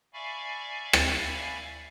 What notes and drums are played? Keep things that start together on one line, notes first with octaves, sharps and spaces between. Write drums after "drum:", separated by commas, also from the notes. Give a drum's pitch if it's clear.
D5 E5 F5 G#5 B5 C#6
drum: rim click